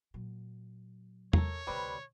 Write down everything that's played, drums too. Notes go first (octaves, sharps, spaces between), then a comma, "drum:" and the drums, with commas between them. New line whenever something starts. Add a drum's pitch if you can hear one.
A#2 F#3
A4 A#4 C#5, drum: tom E2
D2 C3 G3 C4 B4